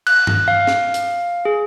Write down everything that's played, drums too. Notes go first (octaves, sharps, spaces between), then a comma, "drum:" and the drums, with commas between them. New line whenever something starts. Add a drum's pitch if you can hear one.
F#6, drum: cymbal
drum: tom G2
F5
drum: snare
drum: hi-hat
G#4